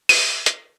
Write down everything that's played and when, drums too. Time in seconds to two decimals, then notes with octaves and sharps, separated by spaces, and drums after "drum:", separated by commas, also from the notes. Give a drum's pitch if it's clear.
0.09 D#7, drum: open hi-hat
0.46 drum: hi-hat